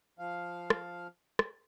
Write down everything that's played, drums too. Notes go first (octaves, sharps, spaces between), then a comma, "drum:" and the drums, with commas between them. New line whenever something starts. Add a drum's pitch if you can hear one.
F3 F5
drum: rim click
drum: rim click